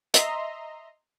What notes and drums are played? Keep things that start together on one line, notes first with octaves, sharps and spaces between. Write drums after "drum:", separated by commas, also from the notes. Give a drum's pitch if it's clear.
D#5 E5 A#5 C6, drum: hi-hat